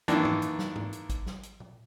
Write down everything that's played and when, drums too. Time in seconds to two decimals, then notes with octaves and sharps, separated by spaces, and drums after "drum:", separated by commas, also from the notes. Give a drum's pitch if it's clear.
0.08 F#2 D#3 E3 A#3 D4, drum: hi-hat
0.25 drum: tom G#2
0.42 drum: hi-hat
0.59 drum: snare
0.76 drum: tom G#2
0.93 drum: hi-hat
1.09 drum: kick A1, hi-hat
1.26 drum: snare
1.43 drum: hi-hat
1.60 drum: tom A#2